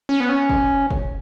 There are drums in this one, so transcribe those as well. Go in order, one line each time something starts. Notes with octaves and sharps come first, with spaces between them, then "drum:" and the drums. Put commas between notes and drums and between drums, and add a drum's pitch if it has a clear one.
C#4
B3
C#4
drum: kick
drum: kick